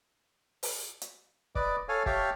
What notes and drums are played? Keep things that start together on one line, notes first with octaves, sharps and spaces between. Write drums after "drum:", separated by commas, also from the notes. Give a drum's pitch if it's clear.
drum: open hi-hat
drum: hi-hat
B4 D5 D#5 D6, drum: kick
A4 C#5 F5 G#5
G4 C#5 E5 F5 G5 A5, drum: kick